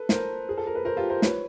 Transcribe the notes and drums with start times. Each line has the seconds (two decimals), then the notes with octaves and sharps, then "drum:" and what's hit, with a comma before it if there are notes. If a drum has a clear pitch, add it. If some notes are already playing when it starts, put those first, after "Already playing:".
Already playing: A4 B4
0.09 A#4 C5, drum: snare
0.49 G#4
0.57 A4
0.67 A#4
0.75 B4
0.85 A#4 C5
0.97 F4 G4
1.09 A#4 C5
1.22 B4 C#5, drum: snare